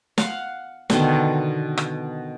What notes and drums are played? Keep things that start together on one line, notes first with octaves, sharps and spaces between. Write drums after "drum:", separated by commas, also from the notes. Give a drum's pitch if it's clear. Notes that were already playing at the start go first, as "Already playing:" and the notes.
F5 F#5, drum: snare
B2 D3 D#3, drum: snare
drum: rim click